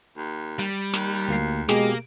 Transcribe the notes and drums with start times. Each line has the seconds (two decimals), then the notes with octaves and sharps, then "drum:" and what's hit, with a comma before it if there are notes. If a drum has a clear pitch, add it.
0.17 D#2
0.59 G3, drum: hi-hat
0.93 D#2, drum: snare
1.28 D2 A#3 C7
1.69 B2 G#3 A#3 G4 G#4, drum: snare